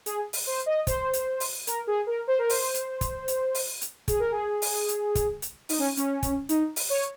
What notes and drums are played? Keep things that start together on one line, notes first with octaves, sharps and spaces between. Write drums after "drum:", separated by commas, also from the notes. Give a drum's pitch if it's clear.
G#4, drum: hi-hat
drum: open hi-hat
C5
D#5
C5, drum: kick, hi-hat
drum: hi-hat
drum: open hi-hat
A#4, drum: hi-hat
G#4
A#4
C5
A#4
C5, drum: open hi-hat
drum: hi-hat
drum: kick, hi-hat
drum: hi-hat
drum: open hi-hat
drum: hi-hat
G#4, drum: kick, hi-hat
A#4
G#4
drum: open hi-hat
drum: hi-hat
drum: kick, hi-hat
drum: hi-hat
D#4, drum: open hi-hat
C#4
C#4, drum: hi-hat
drum: kick, hi-hat
D#4, drum: hi-hat
drum: open hi-hat
C#5